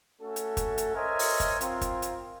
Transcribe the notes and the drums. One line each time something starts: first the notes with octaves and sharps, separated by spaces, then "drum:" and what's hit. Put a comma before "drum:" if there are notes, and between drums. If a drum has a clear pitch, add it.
A3 C#4 F#4 A4
drum: hi-hat
drum: kick, hi-hat
drum: hi-hat
A#4 C5 C#5 D#5 E5 G#5
drum: open hi-hat
drum: kick, hi-hat
C4 F4 A#4, drum: hi-hat
drum: kick, hi-hat
drum: hi-hat